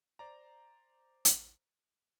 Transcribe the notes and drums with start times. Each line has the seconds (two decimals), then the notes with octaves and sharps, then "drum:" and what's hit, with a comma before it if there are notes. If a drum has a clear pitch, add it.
0.19 C5 D5 A#5
1.25 drum: hi-hat